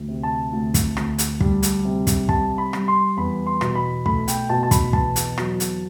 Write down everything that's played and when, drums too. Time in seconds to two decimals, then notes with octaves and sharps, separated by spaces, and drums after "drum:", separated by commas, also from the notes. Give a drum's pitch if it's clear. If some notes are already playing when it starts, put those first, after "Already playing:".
Already playing: D2
0.08 C3
0.23 A5
0.53 D2
0.74 drum: kick, hi-hat
0.97 D2, drum: rim click
1.18 drum: hi-hat
1.41 G3, drum: kick
1.63 drum: hi-hat
1.85 C3
2.07 drum: kick, hi-hat
2.29 G3 A5, drum: kick
2.58 B5
2.73 G3, drum: rim click
2.88 C6
3.17 E2 B5
3.46 C6
3.61 B2, drum: rim click
3.75 B5
4.06 A3 B5, drum: kick
4.28 G5, drum: hi-hat
4.49 B2 A5
4.63 A5
4.71 B5, drum: kick, hi-hat
4.93 E2 A5, drum: kick
5.16 drum: hi-hat
5.38 F#3, drum: rim click
5.60 drum: hi-hat